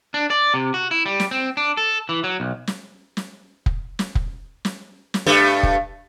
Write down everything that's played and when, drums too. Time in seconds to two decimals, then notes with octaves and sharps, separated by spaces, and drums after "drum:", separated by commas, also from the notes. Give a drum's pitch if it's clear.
0.14 D4
0.30 D5
0.54 C3
0.74 F#4
0.91 E4
1.06 G3
1.20 drum: snare
1.31 C4
1.57 D4
1.77 A4
2.09 E3
2.24 F#3
2.40 B1
2.67 drum: snare
3.17 drum: snare
3.66 drum: kick
3.99 drum: snare
4.15 drum: kick
4.65 drum: snare
5.14 drum: snare
5.26 G2 A3
5.63 drum: kick